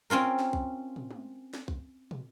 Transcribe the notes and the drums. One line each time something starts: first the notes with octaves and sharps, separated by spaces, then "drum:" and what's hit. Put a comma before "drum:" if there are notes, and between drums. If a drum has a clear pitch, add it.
C4 C#4 F4 A#4
drum: snare
drum: kick B1
drum: tom
drum: tom G#3
drum: snare
drum: kick B1
drum: tom